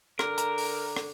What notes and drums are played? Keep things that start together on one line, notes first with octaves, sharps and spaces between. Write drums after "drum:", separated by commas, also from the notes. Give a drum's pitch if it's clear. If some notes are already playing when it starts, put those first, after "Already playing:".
D3 A#4, drum: rim click
A#5, drum: hi-hat
drum: open hi-hat
drum: rim click